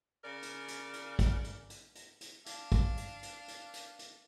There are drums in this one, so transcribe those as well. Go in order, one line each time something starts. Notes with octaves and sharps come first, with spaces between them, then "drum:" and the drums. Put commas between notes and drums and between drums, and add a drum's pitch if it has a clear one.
C#3 A#4 D5
drum: hi-hat
drum: hi-hat
drum: hi-hat
drum: kick, hi-hat
drum: hi-hat
drum: hi-hat
drum: hi-hat
drum: hi-hat
D4 F5, drum: hi-hat
drum: kick, hi-hat
drum: hi-hat
drum: hi-hat
drum: hi-hat
drum: hi-hat
drum: hi-hat